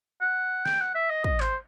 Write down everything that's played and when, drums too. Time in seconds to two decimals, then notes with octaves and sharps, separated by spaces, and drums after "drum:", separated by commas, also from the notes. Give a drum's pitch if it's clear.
0.21 F#5
0.66 G5, drum: snare
0.81 F#5
0.95 E5
1.10 D#5
1.24 D#5, drum: kick
1.40 C5, drum: clap